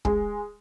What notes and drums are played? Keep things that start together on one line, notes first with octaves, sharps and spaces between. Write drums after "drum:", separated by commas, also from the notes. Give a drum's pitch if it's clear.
G#3, drum: kick